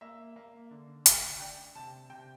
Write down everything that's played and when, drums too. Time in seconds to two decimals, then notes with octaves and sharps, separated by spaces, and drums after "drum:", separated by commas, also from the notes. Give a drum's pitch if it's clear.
0.01 A#3 E5
0.36 A#3
0.71 D3
1.06 A3, drum: hi-hat
1.40 D4 G5
1.75 C3 A5
2.09 C3 G5